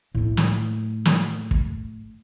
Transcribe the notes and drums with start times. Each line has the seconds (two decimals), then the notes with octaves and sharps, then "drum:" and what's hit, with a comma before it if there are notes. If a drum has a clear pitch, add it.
0.14 A2 A3
0.37 drum: snare
1.05 drum: snare
1.51 drum: kick